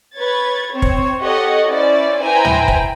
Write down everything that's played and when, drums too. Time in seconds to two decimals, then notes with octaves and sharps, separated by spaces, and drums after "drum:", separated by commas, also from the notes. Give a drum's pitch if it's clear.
0.14 B4 C#5 G#6 A6
0.72 C4 C#5
0.82 drum: kick
1.21 G4 A4 C#5 D#5 F#5
1.68 C#4 E4 C5 D5
2.22 E4 B4 C5 G5 G#5 A#5
2.45 drum: tom
2.68 drum: kick